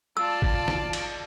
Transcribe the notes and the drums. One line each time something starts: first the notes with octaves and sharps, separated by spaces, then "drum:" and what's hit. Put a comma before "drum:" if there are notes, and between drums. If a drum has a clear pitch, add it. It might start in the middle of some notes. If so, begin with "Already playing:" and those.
F4 D5 A5 E6
drum: kick G#1
drum: snare
drum: cymbal